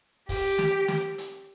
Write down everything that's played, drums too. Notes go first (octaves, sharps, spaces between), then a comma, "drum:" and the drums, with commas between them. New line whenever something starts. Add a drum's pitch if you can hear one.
G4, drum: kick, open hi-hat
drum: snare
drum: snare
drum: hi-hat